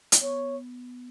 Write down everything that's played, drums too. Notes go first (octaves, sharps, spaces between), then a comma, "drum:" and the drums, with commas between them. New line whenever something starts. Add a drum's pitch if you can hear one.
drum: hi-hat
B3 C#5